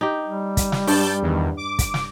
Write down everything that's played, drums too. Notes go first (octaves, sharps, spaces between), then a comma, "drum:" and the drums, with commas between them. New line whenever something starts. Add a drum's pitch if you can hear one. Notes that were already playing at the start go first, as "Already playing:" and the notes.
D#4 G4
G3
drum: kick, hi-hat
drum: snare
G2 A5 G6 A6, drum: open hi-hat
E2 D#3
D6
drum: kick, hi-hat
drum: snare